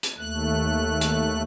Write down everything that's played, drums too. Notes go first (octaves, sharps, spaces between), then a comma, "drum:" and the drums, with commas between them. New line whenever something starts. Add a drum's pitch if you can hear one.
drum: hi-hat
D#2 A3 F#6
drum: hi-hat